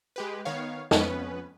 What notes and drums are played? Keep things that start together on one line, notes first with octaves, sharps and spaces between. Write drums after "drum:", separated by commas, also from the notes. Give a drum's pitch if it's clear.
G#3 G4 B4
D#3 B3 C#5 F5
F2 B3 C#4 B4, drum: snare